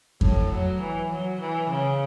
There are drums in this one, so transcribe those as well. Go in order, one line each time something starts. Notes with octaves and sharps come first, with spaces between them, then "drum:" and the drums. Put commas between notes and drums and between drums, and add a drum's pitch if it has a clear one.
A2, drum: kick F2
F#3
E3
F#3
E3
C#3